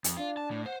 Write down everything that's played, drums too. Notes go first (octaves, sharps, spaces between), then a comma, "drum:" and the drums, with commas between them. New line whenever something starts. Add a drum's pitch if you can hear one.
F2, drum: hi-hat
D4 F4
A5
A2
C5 F#5